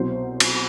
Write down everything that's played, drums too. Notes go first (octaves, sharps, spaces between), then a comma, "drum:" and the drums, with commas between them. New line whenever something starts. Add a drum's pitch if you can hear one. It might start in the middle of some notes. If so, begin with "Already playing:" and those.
Already playing: C2 B2 F#3 C5
drum: cymbal